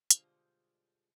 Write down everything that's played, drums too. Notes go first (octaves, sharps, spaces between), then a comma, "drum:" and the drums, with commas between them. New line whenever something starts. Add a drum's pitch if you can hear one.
B2 D3 G3 G#3 F4 C5, drum: hi-hat